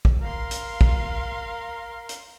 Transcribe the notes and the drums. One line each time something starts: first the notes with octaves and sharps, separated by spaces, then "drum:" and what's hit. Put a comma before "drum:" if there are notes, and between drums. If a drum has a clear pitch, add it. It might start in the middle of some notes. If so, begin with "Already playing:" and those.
drum: kick
A#4 F5 C6
drum: hi-hat
drum: kick
drum: hi-hat